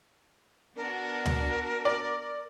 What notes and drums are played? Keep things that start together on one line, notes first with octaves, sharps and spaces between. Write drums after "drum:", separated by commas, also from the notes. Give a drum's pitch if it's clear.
B3 D4 F#4 A#4
drum: tom D2
D5